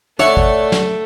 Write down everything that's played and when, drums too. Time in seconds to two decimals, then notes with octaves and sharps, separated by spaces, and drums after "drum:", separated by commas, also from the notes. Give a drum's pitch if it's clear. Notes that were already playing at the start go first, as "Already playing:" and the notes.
0.19 A3 D4 C#5 D5 E5 F#5
0.37 drum: kick G#1
0.72 drum: snare